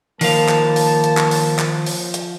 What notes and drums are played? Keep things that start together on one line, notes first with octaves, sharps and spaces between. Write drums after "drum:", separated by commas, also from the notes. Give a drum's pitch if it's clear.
D#3 F3 A#3 F5 A5, drum: open hi-hat
drum: clap
drum: open hi-hat
drum: hi-hat
drum: clap
drum: open hi-hat
drum: clap
drum: open hi-hat
drum: hi-hat